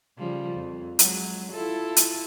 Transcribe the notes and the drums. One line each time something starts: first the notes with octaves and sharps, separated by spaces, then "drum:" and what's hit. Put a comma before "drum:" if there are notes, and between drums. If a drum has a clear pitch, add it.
C#3 F3 G3
F2
F#3 G#3, drum: hi-hat
E4 F4 A4
drum: hi-hat